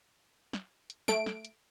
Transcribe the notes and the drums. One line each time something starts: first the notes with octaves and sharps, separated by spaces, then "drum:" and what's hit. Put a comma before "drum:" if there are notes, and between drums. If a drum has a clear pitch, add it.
drum: snare
drum: hi-hat
A3 D7, drum: snare
drum: snare
drum: hi-hat